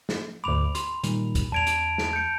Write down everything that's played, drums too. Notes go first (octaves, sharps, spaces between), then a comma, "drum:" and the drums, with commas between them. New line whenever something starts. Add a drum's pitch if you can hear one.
drum: snare
D2 G#2 B5 D6 F7
C6, drum: hi-hat
A#2 D#3 G3, drum: hi-hat
drum: kick, hi-hat
E2 A5 G#6 D7 F7
drum: hi-hat
drum: snare
G6 C#7